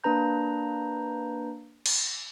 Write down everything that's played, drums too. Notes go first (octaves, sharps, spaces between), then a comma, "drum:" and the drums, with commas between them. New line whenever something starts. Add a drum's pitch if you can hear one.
A#3 D4 B4 A#5 G6
drum: cymbal